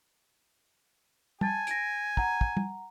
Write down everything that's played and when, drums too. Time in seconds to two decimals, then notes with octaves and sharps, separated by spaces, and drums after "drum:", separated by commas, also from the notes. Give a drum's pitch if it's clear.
1.41 G#5 A5 A6, drum: tom
1.67 A#6 D7, drum: hi-hat
2.17 F#5 A#5, drum: kick
2.41 drum: kick
2.57 drum: tom